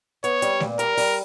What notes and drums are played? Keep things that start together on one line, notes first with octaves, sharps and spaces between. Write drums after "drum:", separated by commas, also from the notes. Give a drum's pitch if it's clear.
B3 C#5, drum: hi-hat
G3, drum: hi-hat
A#2, drum: snare A3
G3 A#4, drum: hi-hat
G3, drum: open hi-hat